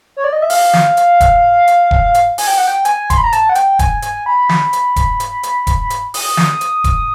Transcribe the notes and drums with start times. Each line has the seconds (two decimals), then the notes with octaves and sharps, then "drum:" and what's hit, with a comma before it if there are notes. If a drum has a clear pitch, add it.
0.17 C#5
0.24 D5
0.33 D#5
0.42 E5
0.50 F5, drum: open hi-hat
0.73 drum: snare
0.97 drum: hi-hat
1.20 drum: kick E1, hi-hat
1.67 drum: hi-hat
1.91 drum: kick E1
2.14 drum: hi-hat
2.38 G#5, drum: open hi-hat
2.48 G5
2.58 F#5
2.67 G5
2.85 G#5, drum: hi-hat
3.10 C6, drum: kick E1, hi-hat
3.18 B5
3.24 A#5
3.32 A5, drum: hi-hat
3.49 F#5
3.55 G5, drum: hi-hat
3.79 G#5, drum: kick E1, hi-hat
4.02 G#5, drum: hi-hat
4.26 B5
4.49 drum: snare
4.73 drum: hi-hat
4.96 drum: kick E1, hi-hat
5.20 drum: hi-hat
5.43 drum: hi-hat
5.67 drum: kick E1, hi-hat
5.90 drum: hi-hat
6.14 D#6, drum: open hi-hat
6.37 drum: snare
6.61 drum: hi-hat
6.84 drum: kick E1, hi-hat